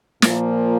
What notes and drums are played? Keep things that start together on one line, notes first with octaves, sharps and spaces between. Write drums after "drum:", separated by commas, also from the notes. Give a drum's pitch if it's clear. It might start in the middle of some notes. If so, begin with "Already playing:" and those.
A#2 F3 A#3, drum: snare